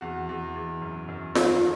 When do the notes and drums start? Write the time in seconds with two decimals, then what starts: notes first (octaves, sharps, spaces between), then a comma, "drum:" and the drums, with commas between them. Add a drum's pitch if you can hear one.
0.01 E2 F#4
0.29 E2
0.56 E2
0.82 F#2
1.08 F#2
1.35 D#3, drum: snare F4